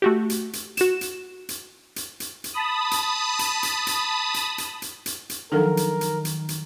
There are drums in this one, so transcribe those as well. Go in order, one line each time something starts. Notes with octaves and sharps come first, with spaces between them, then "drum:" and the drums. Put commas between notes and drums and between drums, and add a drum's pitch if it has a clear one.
A3 F#4 G4
drum: hi-hat
drum: hi-hat
F#4 E7, drum: hi-hat
drum: hi-hat
drum: hi-hat
drum: hi-hat
drum: hi-hat
drum: hi-hat
A5 B5 D#6
drum: hi-hat
drum: hi-hat
drum: hi-hat
drum: hi-hat
drum: hi-hat
drum: hi-hat
drum: hi-hat
drum: hi-hat
drum: hi-hat
D#3 F3 F#3 D4 D#4 A4 A#4
drum: hi-hat
drum: hi-hat
drum: hi-hat
drum: hi-hat